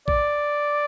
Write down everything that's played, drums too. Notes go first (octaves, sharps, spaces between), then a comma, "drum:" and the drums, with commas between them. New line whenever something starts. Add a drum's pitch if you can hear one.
D5, drum: kick A#1